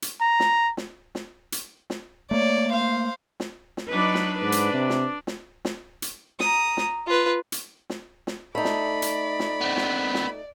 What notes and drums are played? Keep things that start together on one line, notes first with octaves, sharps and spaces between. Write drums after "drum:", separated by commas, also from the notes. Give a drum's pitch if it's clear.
drum: hi-hat
A#5
drum: snare
drum: snare
drum: snare
drum: hi-hat
drum: snare
A3 A#3 C#5 D5
C5 F5
drum: snare
drum: snare
F#3 D4 D#4 B4 D5
drum: snare
G#2 B4
drum: hi-hat
C3
drum: snare
drum: snare
drum: snare
drum: hi-hat
A#5 D#6, drum: snare
drum: snare
F4 B4
drum: hi-hat
drum: snare
drum: snare
A3 D#4 D5 B5
drum: snare
drum: hi-hat
drum: snare
B3 C4
drum: snare
drum: snare